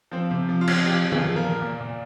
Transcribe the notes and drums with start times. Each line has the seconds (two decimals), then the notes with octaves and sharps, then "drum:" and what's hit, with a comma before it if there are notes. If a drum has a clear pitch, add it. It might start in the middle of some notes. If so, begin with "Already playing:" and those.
0.12 F3 C4
0.31 C3
0.49 F3
0.61 F4
0.68 C3, drum: cymbal
0.86 F3 G4
1.05 F3
1.12 G#4, drum: tom D#3
1.24 F3
1.36 A#4
1.43 A#2
1.61 A#2
1.81 A#2